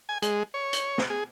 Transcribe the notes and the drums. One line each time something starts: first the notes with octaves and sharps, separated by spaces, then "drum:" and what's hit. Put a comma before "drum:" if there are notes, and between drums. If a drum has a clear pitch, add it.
G#5
G#3, drum: hi-hat
C#5
drum: hi-hat
drum: snare
G#4